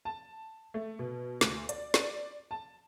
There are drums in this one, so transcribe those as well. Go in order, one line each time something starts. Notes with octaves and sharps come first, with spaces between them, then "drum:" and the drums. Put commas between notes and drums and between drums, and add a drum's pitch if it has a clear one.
A5
A3
B2
D2, drum: snare
D5, drum: hi-hat
D5, drum: snare
A5